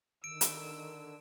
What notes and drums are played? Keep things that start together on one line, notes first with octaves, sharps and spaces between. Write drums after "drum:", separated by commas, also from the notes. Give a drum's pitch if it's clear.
D3 D#3 E6 D7
drum: hi-hat